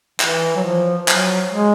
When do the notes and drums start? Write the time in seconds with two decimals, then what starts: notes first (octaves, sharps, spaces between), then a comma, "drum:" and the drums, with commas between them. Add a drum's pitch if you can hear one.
0.20 E3, drum: clap
0.56 F#3
0.64 F3
1.08 F#3, drum: clap
1.52 G#3